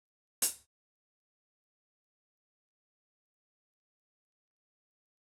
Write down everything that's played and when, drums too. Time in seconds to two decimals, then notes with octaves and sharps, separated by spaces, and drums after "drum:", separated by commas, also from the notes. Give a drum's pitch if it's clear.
0.04 D#3 D#5 F5 A5
0.42 drum: hi-hat
1.77 G#4 A4 D7
2.01 C4
2.32 F#6
2.88 B3 G#5
3.79 B4 D5 G5
4.33 A#2 D#3 F3 G#3
4.78 D3 G#3 C#4 G4